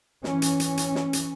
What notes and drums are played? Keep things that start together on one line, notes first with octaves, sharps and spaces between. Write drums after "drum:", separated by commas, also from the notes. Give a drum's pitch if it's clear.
E3 C#4, drum: snare
drum: hi-hat
drum: hi-hat
drum: hi-hat
drum: snare
drum: hi-hat